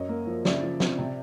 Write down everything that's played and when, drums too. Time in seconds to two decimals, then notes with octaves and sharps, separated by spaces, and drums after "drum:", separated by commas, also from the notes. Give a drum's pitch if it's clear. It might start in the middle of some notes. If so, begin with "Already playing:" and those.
Already playing: F#2 C#5 D#5
0.09 A#3
0.27 F3
0.45 C#3 D5 E5, drum: snare
0.62 F3
0.80 C4, drum: snare
0.98 C3